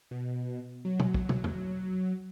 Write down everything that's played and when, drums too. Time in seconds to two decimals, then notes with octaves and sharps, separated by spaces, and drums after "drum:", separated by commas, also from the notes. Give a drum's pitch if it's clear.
0.11 B2
0.85 F#3
1.00 drum: tom
1.14 drum: kick
1.29 drum: tom
1.44 drum: tom